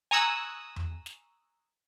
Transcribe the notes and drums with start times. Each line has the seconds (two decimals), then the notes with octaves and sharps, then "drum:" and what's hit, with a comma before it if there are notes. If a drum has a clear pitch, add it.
0.11 G#5 A#5 C#6 D#6 E6 F#6
0.76 drum: tom E2
1.06 drum: snare